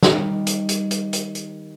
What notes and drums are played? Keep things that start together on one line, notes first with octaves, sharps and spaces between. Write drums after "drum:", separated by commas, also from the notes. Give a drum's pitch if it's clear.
D#3 G3, drum: snare
drum: hi-hat
drum: hi-hat
drum: hi-hat
drum: hi-hat
drum: hi-hat